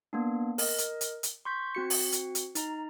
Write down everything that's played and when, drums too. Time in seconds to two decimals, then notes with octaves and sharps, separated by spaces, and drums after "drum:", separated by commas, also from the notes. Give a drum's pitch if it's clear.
0.13 A#3 B3 D4
0.58 A#4 D#5, drum: open hi-hat
0.78 drum: hi-hat
1.01 drum: hi-hat
1.23 drum: hi-hat
1.45 C6 C#6 G6 B6
1.75 C4 F#4 C#7
1.90 drum: open hi-hat
2.12 drum: hi-hat
2.35 drum: hi-hat
2.55 D#4 A#5, drum: hi-hat